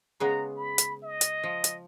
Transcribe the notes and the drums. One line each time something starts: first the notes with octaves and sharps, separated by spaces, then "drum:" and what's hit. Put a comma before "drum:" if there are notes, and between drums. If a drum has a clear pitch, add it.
C#3 G#3 B3 A#5
B5
drum: hi-hat
D#5
drum: hi-hat
F3
drum: hi-hat